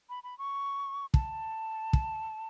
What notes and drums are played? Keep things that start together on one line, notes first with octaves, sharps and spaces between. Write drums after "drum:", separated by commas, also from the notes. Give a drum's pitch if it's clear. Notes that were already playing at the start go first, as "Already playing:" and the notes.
B5
B5
C#6
A5, drum: kick
drum: kick